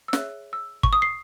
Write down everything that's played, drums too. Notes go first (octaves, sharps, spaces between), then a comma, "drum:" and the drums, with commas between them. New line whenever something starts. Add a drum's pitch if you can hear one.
E6
G#4 C#5 E5 F#6, drum: snare
E6
C#6, drum: kick
D#6
C7